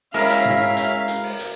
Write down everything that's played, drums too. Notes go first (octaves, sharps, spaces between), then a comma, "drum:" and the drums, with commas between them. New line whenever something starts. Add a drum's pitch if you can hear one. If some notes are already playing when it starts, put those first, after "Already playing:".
G#3 C#4 E4 A#4 E5 F5, drum: open hi-hat
drum: hi-hat
drum: tom G#2
drum: hi-hat
drum: hi-hat
drum: open hi-hat
drum: hi-hat